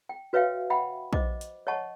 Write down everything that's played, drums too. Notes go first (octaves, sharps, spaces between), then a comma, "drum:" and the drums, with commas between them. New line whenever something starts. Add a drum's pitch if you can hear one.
G5
F#4 B4 C#5 E5 F5 G5
E5 F#5 G5 B5
C5 D#5 D6, drum: kick
drum: hi-hat
C#5 D#5 F#5 A5 C#6